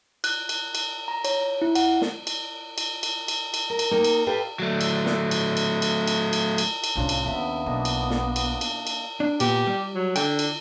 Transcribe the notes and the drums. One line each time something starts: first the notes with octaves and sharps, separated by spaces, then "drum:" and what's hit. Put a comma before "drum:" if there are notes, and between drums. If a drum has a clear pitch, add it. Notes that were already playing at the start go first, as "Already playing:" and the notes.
F#6, drum: cymbal
drum: cymbal
drum: cymbal
A#5
C#5, drum: cymbal
E4
F#5, drum: cymbal
drum: snare
drum: cymbal
drum: cymbal
drum: cymbal
drum: cymbal
drum: cymbal
A#4
drum: cymbal
A#3 D#4 A#4 G5
drum: cymbal
G4 A4 B4 F5 G5
F#3 A3
drum: cymbal
drum: snare
drum: cymbal
drum: cymbal
drum: cymbal
drum: cymbal
drum: cymbal
drum: cymbal
drum: cymbal
C2 A2 C#3 F3 D4
drum: cymbal
D#2 B3 E5
B1 A#3 D4 D#5
drum: cymbal
drum: snare
drum: cymbal
drum: cymbal
drum: cymbal
D4
A#2 B3 G4, drum: cymbal
G3
F#3
D3 G5, drum: cymbal
drum: cymbal